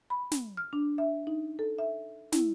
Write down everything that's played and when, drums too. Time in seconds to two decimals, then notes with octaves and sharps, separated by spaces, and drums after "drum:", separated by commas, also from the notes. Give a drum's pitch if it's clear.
0.10 B5
0.32 drum: snare
0.57 F6
0.73 D4
0.98 E5
1.27 D#4
1.59 A4
1.79 E5
2.32 E4, drum: snare